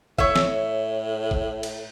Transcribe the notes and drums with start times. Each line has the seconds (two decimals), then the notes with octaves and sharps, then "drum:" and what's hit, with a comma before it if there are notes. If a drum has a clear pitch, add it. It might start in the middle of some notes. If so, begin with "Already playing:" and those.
0.18 A2 C#5 E5, drum: kick
0.36 drum: snare
1.31 drum: kick
1.63 drum: cymbal